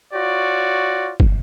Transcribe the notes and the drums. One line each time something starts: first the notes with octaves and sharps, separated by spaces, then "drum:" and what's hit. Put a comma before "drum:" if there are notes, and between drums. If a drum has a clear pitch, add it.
F4 F#4 C#5 D5
drum: kick